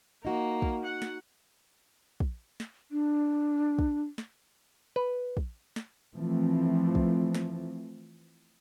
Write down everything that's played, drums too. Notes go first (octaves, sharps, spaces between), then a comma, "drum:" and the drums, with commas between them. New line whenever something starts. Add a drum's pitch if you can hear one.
A#3 D#4 F#4
drum: kick
F#5
drum: snare
drum: kick
drum: snare
D4
drum: kick
drum: snare
B4
drum: kick
drum: snare
E3 F3 A3 C4
drum: kick
drum: snare